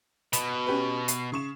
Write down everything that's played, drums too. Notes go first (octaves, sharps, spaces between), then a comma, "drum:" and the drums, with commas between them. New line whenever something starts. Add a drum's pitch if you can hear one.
B2 B5, drum: hi-hat
C#4 G4 B4
C7, drum: hi-hat
C#3 C#6 E7